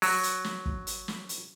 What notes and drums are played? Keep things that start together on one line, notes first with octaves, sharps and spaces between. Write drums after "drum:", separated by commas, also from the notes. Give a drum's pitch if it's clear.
F#3, drum: open hi-hat
drum: hi-hat
drum: snare
drum: kick
drum: hi-hat
drum: snare
drum: hi-hat